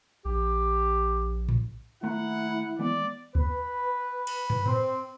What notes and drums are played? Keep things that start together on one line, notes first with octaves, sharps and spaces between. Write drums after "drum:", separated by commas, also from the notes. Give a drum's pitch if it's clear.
A#1 G4
drum: tom A2
D#2 A3 E4 F#5 A#5
E3 G#3 B3 D5
B4, drum: kick D2
drum: cymbal
drum: tom
C4, drum: tom A2